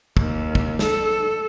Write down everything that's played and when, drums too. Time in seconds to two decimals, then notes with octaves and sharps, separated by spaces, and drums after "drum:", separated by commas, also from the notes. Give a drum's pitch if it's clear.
0.17 D#2, drum: kick
0.55 drum: kick
0.79 A4, drum: snare